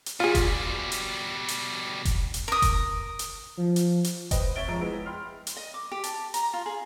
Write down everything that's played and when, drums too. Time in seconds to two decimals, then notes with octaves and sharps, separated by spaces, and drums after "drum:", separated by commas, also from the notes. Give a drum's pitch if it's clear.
0.06 drum: hi-hat
0.20 B2 G3 F4 G#4
0.35 drum: kick F1, hi-hat
0.92 drum: hi-hat
1.48 drum: hi-hat
2.05 drum: kick F1, hi-hat
2.34 drum: hi-hat
2.48 A#4 D#6
2.62 drum: kick F1, hi-hat
3.19 drum: hi-hat
3.57 F3
3.76 drum: hi-hat
4.04 drum: hi-hat
4.31 B4 C5 D#5 G5, drum: kick F1, hi-hat
4.56 C4 C#5 E5 A6 D7 G7
4.68 F2 G#3 A#5 D7
4.81 G#3 B3 E4
5.06 G5 B5 C6 F6
5.47 drum: hi-hat
5.57 D#5
5.74 D6
5.92 G4
6.04 A5, drum: hi-hat
6.34 A#5, drum: hi-hat
6.53 F4
6.66 G#4